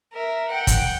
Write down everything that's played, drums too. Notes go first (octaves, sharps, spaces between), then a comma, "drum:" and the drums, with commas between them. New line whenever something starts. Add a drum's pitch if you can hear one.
A#4 E5
F#5 G5
drum: kick, hi-hat